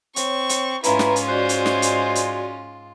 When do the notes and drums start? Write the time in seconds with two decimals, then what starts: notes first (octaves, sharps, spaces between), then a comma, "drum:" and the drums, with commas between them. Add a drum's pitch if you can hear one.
0.16 C4 C#5 C#6, drum: hi-hat
0.49 drum: hi-hat
0.84 G#2 G#3 C#4 E4 F4 B4 A#5 B5, drum: hi-hat
0.99 drum: snare
1.16 drum: hi-hat
1.28 F#4 C5 D5 D#5
1.49 drum: hi-hat
1.66 drum: snare
1.82 drum: hi-hat
2.15 drum: hi-hat